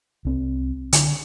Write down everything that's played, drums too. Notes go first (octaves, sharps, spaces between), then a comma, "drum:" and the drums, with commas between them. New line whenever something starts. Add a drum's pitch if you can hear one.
C2 C4
D3, drum: hi-hat